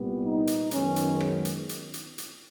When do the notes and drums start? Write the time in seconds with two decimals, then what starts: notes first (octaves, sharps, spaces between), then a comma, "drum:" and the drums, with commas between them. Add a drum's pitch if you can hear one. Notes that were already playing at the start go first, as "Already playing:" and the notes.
Already playing: C2 A#2 G3 B3
0.23 D#4
0.47 drum: hi-hat
0.71 F#2 D#3 G#3 B3 C#4, drum: hi-hat
0.96 drum: hi-hat
1.20 drum: rim click
1.45 drum: hi-hat
1.69 drum: hi-hat
1.94 drum: hi-hat
2.18 drum: hi-hat